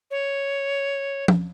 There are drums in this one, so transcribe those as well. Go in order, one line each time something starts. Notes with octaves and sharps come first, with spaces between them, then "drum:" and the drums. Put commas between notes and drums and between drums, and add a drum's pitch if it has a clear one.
C#5
drum: tom F3